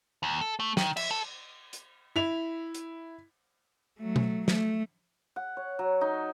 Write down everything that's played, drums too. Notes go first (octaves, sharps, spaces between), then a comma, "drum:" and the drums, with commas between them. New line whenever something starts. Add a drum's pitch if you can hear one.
D#2
A4
A3
D#3, drum: snare
E5, drum: cymbal
A4
drum: hi-hat
E4 F7
drum: hi-hat
F#3 A3
drum: tom B2
A3, drum: snare
F#5
C#5
F#3
D#4